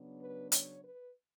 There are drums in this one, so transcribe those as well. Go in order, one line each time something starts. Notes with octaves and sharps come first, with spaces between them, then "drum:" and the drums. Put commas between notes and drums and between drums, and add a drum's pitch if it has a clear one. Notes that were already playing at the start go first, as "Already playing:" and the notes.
Already playing: C#3 F#3 B3 D4
B4
C#5, drum: hi-hat
B4